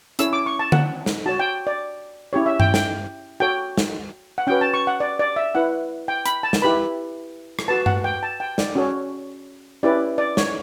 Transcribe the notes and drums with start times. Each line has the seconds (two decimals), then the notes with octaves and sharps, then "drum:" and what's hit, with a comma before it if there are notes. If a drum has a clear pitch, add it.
0.19 C#4 E4 A4 C#5 E6, drum: hi-hat
0.33 D6
0.46 C#6
0.59 A5
0.72 F#5, drum: tom D3
1.06 drum: snare
1.26 F#4 C#5 A5
1.39 G5
1.67 D5
2.33 C#4 E4 G4 C#5
2.46 E5
2.60 G5, drum: tom G2
2.74 G5, drum: snare
3.40 F#4 A4 C#5 G5
3.77 drum: snare
4.38 F#5
4.47 C#4 F#4 B4 G5
4.61 A5
4.74 C#6
4.87 F#5
5.00 D5
5.19 D5
5.36 E5
5.55 E4 B4 F#5
6.08 G5
6.26 B5, drum: hi-hat
6.43 A5
6.53 drum: snare
6.62 E4 G4 B4 B5
7.59 drum: rim click
7.68 F#4 B4 A5
7.86 F#5, drum: tom G2
8.04 G5
8.23 A5
8.40 G5
8.58 D5, drum: snare
8.75 C#4 F#4 A4 C#5
9.83 C#4 E4 G4 B4 D5
10.18 D5
10.37 C#5, drum: snare